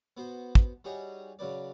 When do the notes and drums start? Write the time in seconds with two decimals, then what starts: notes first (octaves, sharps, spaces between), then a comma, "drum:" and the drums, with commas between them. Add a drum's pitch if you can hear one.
0.17 B3 F#4 C5
0.55 drum: kick
0.85 G3 D#4 F#4 G#4 C#5
1.39 C#3 F#3 B4 D5